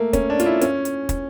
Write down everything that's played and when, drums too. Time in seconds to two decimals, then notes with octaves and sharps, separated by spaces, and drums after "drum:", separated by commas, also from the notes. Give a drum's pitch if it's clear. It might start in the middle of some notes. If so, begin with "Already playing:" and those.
Already playing: A3 A#3
0.13 C#4, drum: kick, hi-hat
0.30 D4
0.40 F4, drum: hi-hat
0.46 E4
0.61 C#4, drum: hi-hat
0.85 drum: hi-hat
1.09 drum: kick, hi-hat